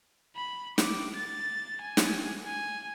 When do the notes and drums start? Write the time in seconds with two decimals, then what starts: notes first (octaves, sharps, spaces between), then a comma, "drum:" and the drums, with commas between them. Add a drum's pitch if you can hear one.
0.36 B5
0.78 D6, drum: snare
1.16 A6
1.82 G#5
1.97 drum: snare
2.45 G#5